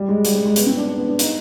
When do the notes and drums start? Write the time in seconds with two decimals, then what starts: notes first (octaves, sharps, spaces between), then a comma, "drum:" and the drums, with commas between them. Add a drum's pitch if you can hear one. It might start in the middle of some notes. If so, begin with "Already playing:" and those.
Already playing: G3
0.09 G#3
0.25 G3, drum: hi-hat
0.35 G#3
0.45 G#3
0.56 B3, drum: hi-hat
0.67 C4
0.77 D4
0.87 D4
0.98 B3
1.08 D4
1.19 D#4, drum: hi-hat